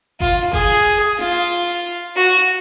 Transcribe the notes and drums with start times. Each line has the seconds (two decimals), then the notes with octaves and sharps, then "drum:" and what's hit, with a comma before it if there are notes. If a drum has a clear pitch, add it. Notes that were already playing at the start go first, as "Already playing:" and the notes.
0.20 F4, drum: kick G1
0.53 G#4, drum: kick G1
1.18 F4, drum: snare
2.16 F#4